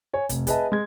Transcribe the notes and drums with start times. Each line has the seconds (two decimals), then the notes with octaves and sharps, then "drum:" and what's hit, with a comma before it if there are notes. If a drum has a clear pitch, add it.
0.13 C#5 G#5
0.29 F1, drum: kick, hi-hat
0.47 G#4 B4 D#5 E5 A5, drum: kick, hi-hat
0.72 G#3 G#6